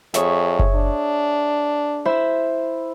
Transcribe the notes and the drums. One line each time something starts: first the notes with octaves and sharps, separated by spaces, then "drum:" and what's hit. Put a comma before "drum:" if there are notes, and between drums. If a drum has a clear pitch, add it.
F2 G#4 C#5 E5, drum: snare
drum: kick F#1
D4
E4 C5 E5